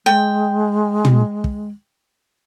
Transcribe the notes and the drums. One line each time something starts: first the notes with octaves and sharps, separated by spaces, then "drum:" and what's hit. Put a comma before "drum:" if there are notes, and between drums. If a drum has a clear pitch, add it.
G#3 G5
drum: tom
drum: kick